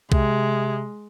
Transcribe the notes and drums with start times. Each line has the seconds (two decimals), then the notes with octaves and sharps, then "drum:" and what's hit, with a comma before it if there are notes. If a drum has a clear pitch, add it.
0.12 C3 G#3, drum: kick B1